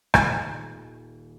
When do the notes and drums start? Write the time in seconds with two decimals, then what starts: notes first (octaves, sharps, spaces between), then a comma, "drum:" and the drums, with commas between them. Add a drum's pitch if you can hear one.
0.14 D#1 G#5 D#7, drum: rim click